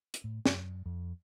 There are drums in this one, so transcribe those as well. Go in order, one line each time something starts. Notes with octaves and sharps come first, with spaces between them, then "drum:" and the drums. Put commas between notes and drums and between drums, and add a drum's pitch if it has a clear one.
drum: hi-hat
A2
F#2, drum: snare
F2